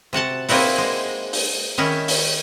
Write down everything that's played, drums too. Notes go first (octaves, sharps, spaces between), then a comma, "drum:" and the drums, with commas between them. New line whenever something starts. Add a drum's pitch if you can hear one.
C3 F#4 F#5 A5
A#3 C4 D#4 E4 F#4, drum: open hi-hat
G#3
drum: open hi-hat
D#3 C#4 D#4 E4
drum: open hi-hat